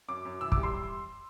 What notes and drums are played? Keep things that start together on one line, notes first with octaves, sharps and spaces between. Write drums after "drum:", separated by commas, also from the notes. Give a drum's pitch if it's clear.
F#2 D6
F#2
E3 E6
D6, drum: kick
G3
C6